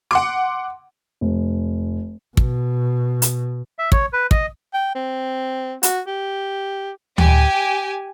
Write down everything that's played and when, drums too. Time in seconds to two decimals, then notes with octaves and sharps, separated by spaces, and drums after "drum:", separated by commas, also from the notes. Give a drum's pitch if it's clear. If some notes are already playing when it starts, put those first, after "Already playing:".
0.11 F#5 C6 D6
1.21 F1
2.37 B2, drum: kick
3.22 drum: hi-hat
3.79 E5
3.92 C#5, drum: kick
4.13 B4
4.31 D#5, drum: kick
4.74 G5
4.95 C4
5.83 F#4, drum: hi-hat
6.07 G4
7.18 G4 G#5, drum: tom D2